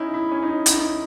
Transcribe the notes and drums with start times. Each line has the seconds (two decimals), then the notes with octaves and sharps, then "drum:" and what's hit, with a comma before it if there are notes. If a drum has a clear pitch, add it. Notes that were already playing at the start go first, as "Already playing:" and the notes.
Already playing: C#4 D#4 E4
0.14 E4
0.31 C#4
0.43 D#4
0.66 E4, drum: hi-hat
0.71 D#4